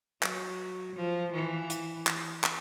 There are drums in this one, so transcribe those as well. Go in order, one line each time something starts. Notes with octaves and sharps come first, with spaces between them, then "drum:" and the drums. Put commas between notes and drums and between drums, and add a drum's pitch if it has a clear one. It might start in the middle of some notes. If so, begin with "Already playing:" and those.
F#3, drum: clap
F3
E3
drum: hi-hat
drum: clap
drum: clap